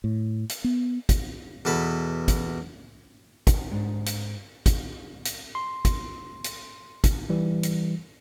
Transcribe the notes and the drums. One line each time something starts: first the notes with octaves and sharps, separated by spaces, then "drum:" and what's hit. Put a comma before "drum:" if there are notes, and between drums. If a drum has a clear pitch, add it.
A2
drum: hi-hat
B3
drum: kick, hi-hat
E2 B2 A4 B5
drum: kick, hi-hat
drum: kick, hi-hat
G#2 D4
drum: hi-hat
drum: kick, hi-hat
drum: hi-hat
C6
drum: kick, hi-hat
drum: hi-hat
drum: kick, hi-hat
E3 G3
drum: hi-hat